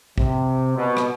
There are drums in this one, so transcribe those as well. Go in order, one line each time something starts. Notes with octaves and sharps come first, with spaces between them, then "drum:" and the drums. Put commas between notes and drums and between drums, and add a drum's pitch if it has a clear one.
C3, drum: kick
B2
drum: rim click